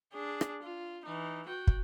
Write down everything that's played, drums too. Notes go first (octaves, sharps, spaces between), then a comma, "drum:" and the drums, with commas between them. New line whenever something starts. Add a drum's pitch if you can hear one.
D4 G#4
drum: rim click
F4
E3 D#4
F#4 G5
drum: kick